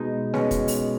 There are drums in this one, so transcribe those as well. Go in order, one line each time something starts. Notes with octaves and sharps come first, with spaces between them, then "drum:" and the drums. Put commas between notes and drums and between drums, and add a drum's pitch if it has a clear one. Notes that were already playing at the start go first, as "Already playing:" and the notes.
Already playing: B2 G#3 D#4
B2 G#3 C#4, drum: snare G3
drum: kick, hi-hat
drum: open hi-hat